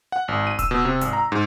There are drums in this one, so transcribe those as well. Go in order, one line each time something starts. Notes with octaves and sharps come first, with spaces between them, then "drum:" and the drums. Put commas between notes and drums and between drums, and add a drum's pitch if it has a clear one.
F#5
G#1
D#7
E6, drum: kick D1, hi-hat
B2
C3
G#1, drum: hi-hat
A#5
G#2